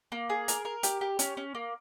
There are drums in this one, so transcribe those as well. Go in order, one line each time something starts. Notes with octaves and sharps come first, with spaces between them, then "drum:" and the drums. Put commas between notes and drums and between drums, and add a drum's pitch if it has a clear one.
A#3
G#4
A#4, drum: hi-hat
A#4
G4, drum: hi-hat
G4
C#4, drum: hi-hat
C#4
A#3